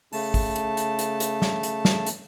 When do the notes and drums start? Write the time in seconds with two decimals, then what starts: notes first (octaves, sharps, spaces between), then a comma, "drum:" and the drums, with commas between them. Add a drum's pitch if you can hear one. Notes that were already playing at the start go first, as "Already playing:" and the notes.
0.13 C#3 A3 A5, drum: open hi-hat
0.34 drum: kick A1, open hi-hat
0.56 drum: hi-hat
0.77 drum: hi-hat
0.99 drum: hi-hat
1.20 drum: hi-hat
1.42 drum: snare
1.63 drum: hi-hat
1.85 drum: snare
2.06 drum: hi-hat